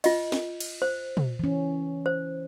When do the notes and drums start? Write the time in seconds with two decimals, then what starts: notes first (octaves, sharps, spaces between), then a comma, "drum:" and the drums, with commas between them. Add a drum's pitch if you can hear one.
0.04 F4 D#5, drum: cymbal
0.32 drum: snare
0.60 drum: cymbal
0.82 C5
1.17 drum: tom
1.39 E3 C#4
2.06 C5